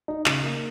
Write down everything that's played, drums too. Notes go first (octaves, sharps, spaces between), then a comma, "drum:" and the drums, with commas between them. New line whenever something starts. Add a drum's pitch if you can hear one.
D#4
C#3, drum: clap
A#3